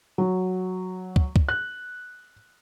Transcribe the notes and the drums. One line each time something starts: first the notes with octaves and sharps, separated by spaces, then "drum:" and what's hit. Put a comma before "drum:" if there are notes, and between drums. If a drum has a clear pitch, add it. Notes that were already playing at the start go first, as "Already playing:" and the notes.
F#3
drum: kick
drum: kick
F#6